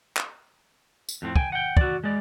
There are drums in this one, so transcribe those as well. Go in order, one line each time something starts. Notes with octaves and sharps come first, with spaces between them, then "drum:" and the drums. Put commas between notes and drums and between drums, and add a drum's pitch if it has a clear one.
drum: clap
drum: tambourine
F2 A2 C4
G5 G#5, drum: kick
F#5 G5
F#4 D5, drum: kick
G#3 D5